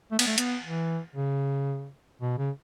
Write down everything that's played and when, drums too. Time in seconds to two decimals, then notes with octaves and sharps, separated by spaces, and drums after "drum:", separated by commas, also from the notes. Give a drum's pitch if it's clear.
0.12 A3
0.19 B3, drum: cymbal
0.27 A3
0.38 B3, drum: hi-hat
0.63 E3
1.16 C#3
2.21 B2
2.38 C#3